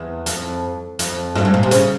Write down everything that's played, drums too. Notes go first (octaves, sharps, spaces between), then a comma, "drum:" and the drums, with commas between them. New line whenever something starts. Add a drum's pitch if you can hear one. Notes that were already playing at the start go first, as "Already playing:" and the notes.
Already playing: E2
F2, drum: hi-hat
F2, drum: hi-hat
G2, drum: snare
G#2
A#2
C3
C#3, drum: hi-hat